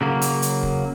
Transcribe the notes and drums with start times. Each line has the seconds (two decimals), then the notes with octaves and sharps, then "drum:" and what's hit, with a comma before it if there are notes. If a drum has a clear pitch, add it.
0.01 C#3 F#3 A#3
0.22 drum: hi-hat
0.42 drum: hi-hat
0.63 drum: kick